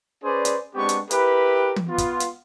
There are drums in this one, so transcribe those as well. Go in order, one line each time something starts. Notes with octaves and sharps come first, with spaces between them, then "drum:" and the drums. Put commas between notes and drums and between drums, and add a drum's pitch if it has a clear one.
C#4 G#4 B4 C5 D5
drum: hi-hat
G#3 B3 C4 D4 G4 C#6
drum: hi-hat
E4 G4 A#4 B4, drum: hi-hat
drum: tom
B3 F4
drum: kick, hi-hat
drum: hi-hat